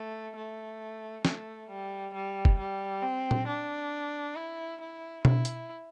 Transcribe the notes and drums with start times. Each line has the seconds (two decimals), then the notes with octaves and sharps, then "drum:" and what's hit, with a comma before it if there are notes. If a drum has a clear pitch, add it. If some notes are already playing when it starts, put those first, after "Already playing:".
Already playing: A3
0.36 A3
1.25 A3, drum: snare
1.69 G3
2.14 G3
2.45 drum: kick
2.58 G3
3.02 C4
3.31 drum: tom A#2
3.47 D4
4.36 E4
4.81 E4
5.25 E4, drum: tom B2
5.45 drum: hi-hat